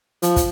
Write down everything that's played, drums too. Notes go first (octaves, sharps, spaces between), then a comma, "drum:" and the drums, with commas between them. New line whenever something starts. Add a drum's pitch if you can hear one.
F3, drum: hi-hat
drum: kick, hi-hat